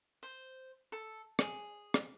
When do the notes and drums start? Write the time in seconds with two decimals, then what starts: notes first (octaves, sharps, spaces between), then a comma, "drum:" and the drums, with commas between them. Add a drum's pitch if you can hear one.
0.23 C5
0.92 A4
1.39 G#4, drum: rim click
1.94 drum: rim click